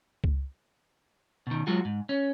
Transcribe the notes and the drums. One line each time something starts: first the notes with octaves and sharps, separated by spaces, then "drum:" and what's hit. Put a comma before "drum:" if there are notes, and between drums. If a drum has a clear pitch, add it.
drum: kick C#2
B2 D#3
F#3 G#3 F4 F#4
G#2
C#4